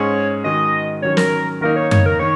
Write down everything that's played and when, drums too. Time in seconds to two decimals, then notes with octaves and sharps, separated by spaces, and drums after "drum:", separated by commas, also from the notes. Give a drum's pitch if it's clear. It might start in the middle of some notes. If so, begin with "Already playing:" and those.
Already playing: G#2 G#3 C#4 G#4 C#5
0.44 D#3 G#3 F#4 D#5
1.02 D#3 F#3 C#4 C#5
1.17 A#4, drum: snare
1.61 D#3 A#3 D#4 A#4
1.76 C#5
1.91 C#5, drum: tom F#2
2.06 A#4
2.19 D#3 C#5